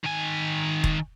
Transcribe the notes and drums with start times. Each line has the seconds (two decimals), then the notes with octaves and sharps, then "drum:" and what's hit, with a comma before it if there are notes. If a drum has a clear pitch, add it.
0.04 D#3 G#5
0.84 drum: kick E1